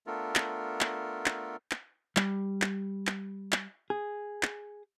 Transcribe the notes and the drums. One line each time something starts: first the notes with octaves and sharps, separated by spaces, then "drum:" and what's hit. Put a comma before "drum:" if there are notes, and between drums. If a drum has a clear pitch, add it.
A3 B3 D4 F4 A4 A#4
drum: clap
drum: clap
drum: clap
drum: clap
G3, drum: clap
drum: clap
drum: clap
drum: clap
G#4
drum: clap